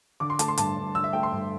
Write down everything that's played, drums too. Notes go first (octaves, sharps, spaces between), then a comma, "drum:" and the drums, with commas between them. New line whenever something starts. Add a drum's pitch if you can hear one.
D3 D6
C6
A3 A5, drum: hi-hat
C6
G2 A5, drum: hi-hat
G2
D3 E6
E5
A3 G5
C6
G2